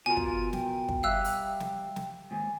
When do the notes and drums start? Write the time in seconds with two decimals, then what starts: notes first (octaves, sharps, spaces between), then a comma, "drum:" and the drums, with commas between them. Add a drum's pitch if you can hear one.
0.06 B2 F4 A#4 G#5
0.17 drum: kick
0.53 G5, drum: snare
0.89 drum: kick
1.03 G3 E5 F5 E6 F#6
1.24 drum: open hi-hat
1.60 drum: snare
1.96 drum: snare
2.31 D#2 G#2 G#5